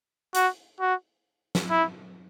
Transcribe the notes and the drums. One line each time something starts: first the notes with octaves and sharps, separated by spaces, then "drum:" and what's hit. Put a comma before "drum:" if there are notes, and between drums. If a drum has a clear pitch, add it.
F#4, drum: hi-hat
F#4
drum: snare
E4